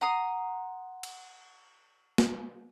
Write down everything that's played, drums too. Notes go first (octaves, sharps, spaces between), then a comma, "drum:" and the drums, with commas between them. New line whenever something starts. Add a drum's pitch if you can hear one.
F#5 A#5 C6 D#6
drum: cymbal
drum: snare